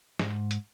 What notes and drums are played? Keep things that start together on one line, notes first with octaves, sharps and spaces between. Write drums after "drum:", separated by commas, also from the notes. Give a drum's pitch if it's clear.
G#2, drum: snare
drum: hi-hat